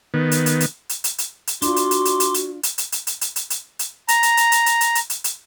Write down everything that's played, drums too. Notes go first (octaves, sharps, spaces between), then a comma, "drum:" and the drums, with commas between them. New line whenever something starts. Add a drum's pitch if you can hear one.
D#3 B3
drum: hi-hat
drum: hi-hat
drum: hi-hat
drum: hi-hat
drum: hi-hat
drum: hi-hat
drum: hi-hat
D4 F4 F#4 C6 D6, drum: hi-hat
drum: hi-hat
drum: hi-hat
drum: hi-hat
drum: hi-hat
drum: hi-hat
drum: hi-hat
drum: hi-hat
drum: hi-hat
drum: hi-hat
drum: hi-hat
drum: hi-hat
drum: hi-hat
drum: hi-hat
A#5, drum: hi-hat
drum: hi-hat
drum: hi-hat
drum: hi-hat
drum: hi-hat
drum: hi-hat
drum: hi-hat
drum: hi-hat
drum: hi-hat